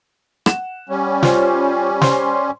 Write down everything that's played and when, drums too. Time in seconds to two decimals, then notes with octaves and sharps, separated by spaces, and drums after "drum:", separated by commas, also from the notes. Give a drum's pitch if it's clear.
0.46 F#5 E7, drum: rim click
0.89 G3 C#4
1.23 F4 C5 C#5, drum: snare
2.02 C5 C6, drum: snare